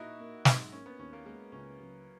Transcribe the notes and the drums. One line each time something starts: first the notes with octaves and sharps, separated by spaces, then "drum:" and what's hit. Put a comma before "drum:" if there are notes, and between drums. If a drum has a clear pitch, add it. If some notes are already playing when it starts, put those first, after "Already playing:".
Already playing: A#2 D#4 E4 F#4
A#3
G#2, drum: snare
A#3 C#4
B3
D#2 C#4
A#3
G#3 A#3
C#2 C#4
F#3